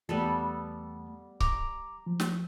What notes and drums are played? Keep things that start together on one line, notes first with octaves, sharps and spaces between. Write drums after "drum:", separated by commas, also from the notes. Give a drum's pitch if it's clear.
E2 G3 A3 B3 A4
A#5 D6, drum: kick C#1
F3
drum: snare